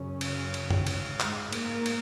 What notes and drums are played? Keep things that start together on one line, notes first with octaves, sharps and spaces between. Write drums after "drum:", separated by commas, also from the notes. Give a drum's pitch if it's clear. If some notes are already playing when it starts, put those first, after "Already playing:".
Already playing: F#2 C#3 C#4
drum: cymbal
drum: cymbal
drum: tom F#2
G#2, drum: cymbal
G#3, drum: clap
A#3, drum: cymbal
drum: cymbal